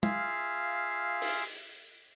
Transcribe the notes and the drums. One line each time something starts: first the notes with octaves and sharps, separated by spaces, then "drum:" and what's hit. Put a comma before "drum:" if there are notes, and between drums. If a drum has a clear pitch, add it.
F4 G#4 E5 F5, drum: tom
drum: open hi-hat